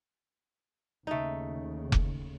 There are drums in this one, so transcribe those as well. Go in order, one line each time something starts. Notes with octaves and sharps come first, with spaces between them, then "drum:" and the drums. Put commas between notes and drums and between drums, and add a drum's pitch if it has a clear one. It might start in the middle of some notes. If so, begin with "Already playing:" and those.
D#2 C#3 A3 D#4
drum: kick F1